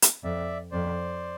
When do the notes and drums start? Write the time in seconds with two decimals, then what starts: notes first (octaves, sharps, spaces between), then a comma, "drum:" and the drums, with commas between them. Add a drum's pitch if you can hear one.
0.02 drum: hi-hat
0.23 F2 D5 E5
0.72 F2 C5 D5